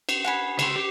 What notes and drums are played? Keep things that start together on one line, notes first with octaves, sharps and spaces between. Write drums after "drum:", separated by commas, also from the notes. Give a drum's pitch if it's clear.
drum: cymbal
F#5 G#5 B5
C#3 C6, drum: cymbal
G4